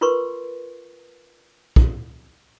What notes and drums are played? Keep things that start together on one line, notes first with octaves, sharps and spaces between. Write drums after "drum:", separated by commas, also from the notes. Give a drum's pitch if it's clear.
F4 A#4 B4 C6 C#6
drum: kick B1